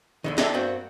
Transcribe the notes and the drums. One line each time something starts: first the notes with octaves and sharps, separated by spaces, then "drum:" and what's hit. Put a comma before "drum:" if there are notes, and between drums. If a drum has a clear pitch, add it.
D#2 D3 D#3
C4 D4 A4 D5 E5 A5, drum: snare
G2 A#3 C4 F#4